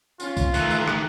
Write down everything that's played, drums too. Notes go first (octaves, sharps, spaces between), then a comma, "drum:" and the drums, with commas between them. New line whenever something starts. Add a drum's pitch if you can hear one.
C#4 F4, drum: tambourine
drum: kick, tambourine
D#3 E3 A3 F#6, drum: tambourine
drum: tambourine
drum: rim click